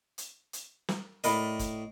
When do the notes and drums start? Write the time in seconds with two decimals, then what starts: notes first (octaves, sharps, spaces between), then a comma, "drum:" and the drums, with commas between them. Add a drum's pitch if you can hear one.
0.18 drum: hi-hat
0.53 drum: hi-hat
0.89 drum: snare
1.24 A2 A#4 D5 D#5 B5, drum: hi-hat
1.59 drum: kick F#1, hi-hat